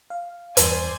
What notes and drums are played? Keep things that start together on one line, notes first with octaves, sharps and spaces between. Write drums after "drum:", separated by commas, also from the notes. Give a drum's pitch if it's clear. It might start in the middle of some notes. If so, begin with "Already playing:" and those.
F5
E2 G2 C5 D5 G#5, drum: hi-hat